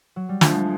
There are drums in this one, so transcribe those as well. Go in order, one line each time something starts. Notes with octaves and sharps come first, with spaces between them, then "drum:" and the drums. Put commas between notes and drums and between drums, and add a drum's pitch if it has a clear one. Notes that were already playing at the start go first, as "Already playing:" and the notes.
F#3
G3
D2 D3 F3 G#3, drum: snare
G#3